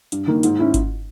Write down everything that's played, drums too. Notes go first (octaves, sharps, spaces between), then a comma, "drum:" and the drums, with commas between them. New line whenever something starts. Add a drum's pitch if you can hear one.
G2, drum: hi-hat
D#3 A#3
G#2, drum: hi-hat
C#4 E4
drum: kick G1, hi-hat